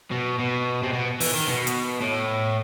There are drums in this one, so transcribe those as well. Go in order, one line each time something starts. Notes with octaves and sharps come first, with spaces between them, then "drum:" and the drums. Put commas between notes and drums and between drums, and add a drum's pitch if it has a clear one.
B2
B2
C3
B2
E3, drum: open hi-hat
D#3
B2
drum: hi-hat
A2